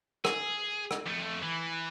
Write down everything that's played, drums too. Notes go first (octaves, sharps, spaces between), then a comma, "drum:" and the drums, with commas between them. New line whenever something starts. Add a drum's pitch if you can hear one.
G#4, drum: rim click
drum: rim click
F2 A3
E3